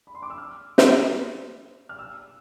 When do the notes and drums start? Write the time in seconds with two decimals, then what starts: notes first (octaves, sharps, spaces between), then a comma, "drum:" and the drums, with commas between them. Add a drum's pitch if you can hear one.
0.07 B5
0.15 C6
0.22 D6
0.30 E6
0.38 F6
0.78 drum: snare
1.89 F6
1.99 E6